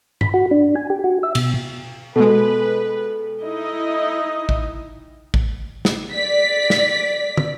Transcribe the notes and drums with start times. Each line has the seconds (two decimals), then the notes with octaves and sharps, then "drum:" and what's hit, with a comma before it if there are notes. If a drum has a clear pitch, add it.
0.21 B5, drum: tom G2
0.34 F#4
0.51 D4
0.76 G#5
0.90 G4
1.04 F#4
1.23 E5
1.35 B2, drum: cymbal
2.16 B2 G#3 A4 B4
3.42 D#4 E4 D#5
4.49 drum: kick
5.34 drum: kick
5.85 drum: snare
6.12 D5 B6
6.70 drum: snare
7.37 drum: tom